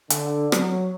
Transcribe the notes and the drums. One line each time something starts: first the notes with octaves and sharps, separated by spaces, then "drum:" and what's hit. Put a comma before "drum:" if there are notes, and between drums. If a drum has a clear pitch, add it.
D3, drum: hi-hat
F#3, drum: rim click